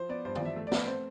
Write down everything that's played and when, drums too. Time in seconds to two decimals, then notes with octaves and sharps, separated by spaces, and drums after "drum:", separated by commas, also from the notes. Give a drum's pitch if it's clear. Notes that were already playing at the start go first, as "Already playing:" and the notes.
Already playing: F3 C5
0.09 B3 D5
0.25 G2 C5
0.35 D5, drum: tom D#3
0.41 F3 E5
0.56 A3
0.67 D5
0.72 A3 B4, drum: snare
0.87 C4 C5